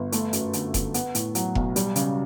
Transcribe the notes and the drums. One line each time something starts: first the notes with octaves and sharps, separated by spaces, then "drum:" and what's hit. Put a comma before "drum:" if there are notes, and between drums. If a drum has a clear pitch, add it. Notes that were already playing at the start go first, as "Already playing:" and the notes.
Already playing: G1
A3, drum: hi-hat
F#2, drum: hi-hat
D3, drum: hi-hat
G1, drum: kick F1, hi-hat
B3, drum: hi-hat
A2, drum: hi-hat
F#3, drum: hi-hat
B1, drum: kick F1
G3, drum: hi-hat
C#3, drum: hi-hat